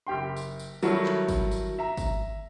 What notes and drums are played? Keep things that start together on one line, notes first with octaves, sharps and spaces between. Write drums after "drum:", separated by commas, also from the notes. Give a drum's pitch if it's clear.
F#1 G4 G5 C6
drum: tambourine
drum: tambourine
D#3 F#3 G3 E4 F#4 A4, drum: tambourine
drum: clap
drum: kick, tambourine
drum: tambourine
E5 A#5
drum: kick, tambourine